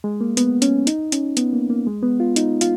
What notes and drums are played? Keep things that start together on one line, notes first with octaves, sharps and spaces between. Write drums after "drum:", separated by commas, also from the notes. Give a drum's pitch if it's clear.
G#3
A#3
B3, drum: hi-hat
C#4, drum: hi-hat
D#4, drum: hi-hat
C#4, drum: hi-hat
B3, drum: hi-hat
A#3
A#3
G#3
B3
F4
D#4, drum: hi-hat
F4, drum: hi-hat